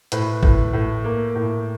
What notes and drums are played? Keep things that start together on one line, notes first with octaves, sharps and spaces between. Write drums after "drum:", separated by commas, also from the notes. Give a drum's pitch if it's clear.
A2 B4, drum: hi-hat
A2, drum: kick
A2
A#3
A2